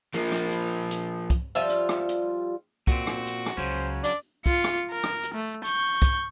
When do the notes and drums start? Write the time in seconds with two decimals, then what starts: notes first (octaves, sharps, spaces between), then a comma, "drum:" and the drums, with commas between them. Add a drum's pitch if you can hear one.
0.14 F3 A#3, drum: hi-hat
0.32 drum: rim click
0.51 drum: hi-hat
0.91 drum: hi-hat
1.30 drum: kick, hi-hat
1.55 F3 G3 F4 E5
1.69 drum: hi-hat
1.89 drum: rim click
2.09 drum: hi-hat
2.87 A#2 C4 F#4, drum: kick, hi-hat
3.07 drum: rim click
3.27 drum: hi-hat
3.46 drum: rim click
3.57 C#2 C#3 F#3 C#4 C5
4.04 D4 D5, drum: hi-hat
4.46 F4 C#7, drum: kick, hi-hat
4.64 drum: rim click
4.91 A#4
5.04 drum: rim click
5.23 drum: hi-hat
5.34 A3
5.64 C#6 G6, drum: hi-hat
6.02 drum: kick, hi-hat